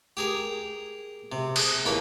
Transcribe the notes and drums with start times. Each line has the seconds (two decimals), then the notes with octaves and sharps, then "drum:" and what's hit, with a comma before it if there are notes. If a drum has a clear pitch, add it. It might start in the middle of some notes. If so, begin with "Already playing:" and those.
0.17 G4 G#4 A#4
1.32 C3
1.56 G#4 A4 D#6, drum: cymbal
1.85 D#2 E3 B5